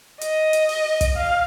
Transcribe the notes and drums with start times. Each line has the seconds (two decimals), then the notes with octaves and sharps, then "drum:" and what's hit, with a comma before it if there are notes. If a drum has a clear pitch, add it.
0.21 D#5, drum: hi-hat
0.53 drum: hi-hat
0.69 drum: open hi-hat
1.01 drum: kick, hi-hat
1.16 F5